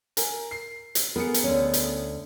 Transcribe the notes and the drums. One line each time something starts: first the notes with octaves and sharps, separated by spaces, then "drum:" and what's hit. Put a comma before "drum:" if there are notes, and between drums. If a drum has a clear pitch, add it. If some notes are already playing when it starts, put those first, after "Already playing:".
A#4 G#5, drum: hi-hat
C7
drum: hi-hat
B3 G#4 A#4 C#7
drum: hi-hat
D2 C#4
drum: hi-hat